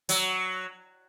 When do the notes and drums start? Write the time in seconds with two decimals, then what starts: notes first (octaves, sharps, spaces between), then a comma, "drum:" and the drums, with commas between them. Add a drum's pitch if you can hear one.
0.09 F#3, drum: open hi-hat